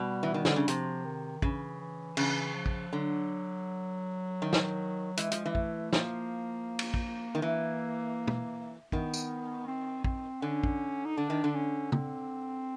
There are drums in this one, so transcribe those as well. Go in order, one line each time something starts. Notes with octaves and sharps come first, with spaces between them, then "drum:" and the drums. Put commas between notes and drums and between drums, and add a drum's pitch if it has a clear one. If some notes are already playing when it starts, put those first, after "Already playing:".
Already playing: B2 G3
E3
D#3
D3, drum: snare
C#3
C3 F3, drum: hi-hat
D#3
C#3 E3, drum: kick
E3
C#3 E3, drum: cymbal
F3
drum: kick
D3 F#3
D#3
drum: snare
E3 G#3, drum: hi-hat
F3, drum: hi-hat
E3
A3, drum: kick
F3 A#3, drum: snare
drum: cymbal
drum: kick
D#3
E3 A#3
drum: tom
D#3 B3, drum: kick
drum: tambourine
C4
C4, drum: kick
D3 C#4
drum: kick
D#4
D3 D4
D#3
D3
C#4
C4, drum: tom C#3